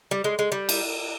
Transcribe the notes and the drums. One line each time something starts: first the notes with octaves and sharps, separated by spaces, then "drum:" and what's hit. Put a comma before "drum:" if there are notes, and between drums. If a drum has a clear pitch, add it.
G3
G#3
G#3
G3
drum: cymbal